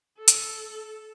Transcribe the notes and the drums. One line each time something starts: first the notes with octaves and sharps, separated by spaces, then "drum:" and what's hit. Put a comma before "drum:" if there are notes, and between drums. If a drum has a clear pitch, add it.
A4
drum: hi-hat